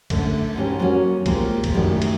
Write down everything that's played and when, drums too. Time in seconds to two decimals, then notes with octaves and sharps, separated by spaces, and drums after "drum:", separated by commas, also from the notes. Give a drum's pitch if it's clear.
0.10 F#2 D3 A3, drum: kick, cymbal
0.55 G#2 E3 C#4 G4
0.79 F#3 A#3 C#4
1.26 G#3 A#3 C4 F4 G4, drum: kick, cymbal
1.64 drum: kick, cymbal
1.73 F#2 A2 D#3 E3 F#3 G3
2.02 drum: cymbal